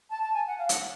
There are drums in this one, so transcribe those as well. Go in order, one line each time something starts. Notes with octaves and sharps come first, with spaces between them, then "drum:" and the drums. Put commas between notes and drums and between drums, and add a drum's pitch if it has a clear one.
A5
A5
G#5
F#5
F5
F#5, drum: hi-hat